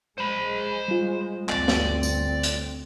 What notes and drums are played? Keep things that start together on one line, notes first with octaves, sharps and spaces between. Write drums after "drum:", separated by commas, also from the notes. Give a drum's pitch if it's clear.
G#3 C5 B5
G3 F4
G1 D2 C4 D5, drum: clap
drum: snare
drum: tambourine
drum: hi-hat